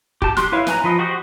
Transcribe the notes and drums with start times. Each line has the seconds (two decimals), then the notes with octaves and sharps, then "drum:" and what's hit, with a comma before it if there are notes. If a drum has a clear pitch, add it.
0.22 G4 A5, drum: kick
0.37 G4 C6 F#6, drum: snare
0.52 E4 B4 C#5 E5 F5
0.67 B4 G#5 A#5, drum: snare
0.84 F3 B4 D#5
0.99 F#4 G4 C5 D#5